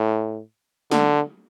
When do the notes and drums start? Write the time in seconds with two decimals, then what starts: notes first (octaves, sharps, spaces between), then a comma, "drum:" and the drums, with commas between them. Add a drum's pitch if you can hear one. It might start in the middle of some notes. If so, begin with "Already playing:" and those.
Already playing: A2
0.92 D3, drum: snare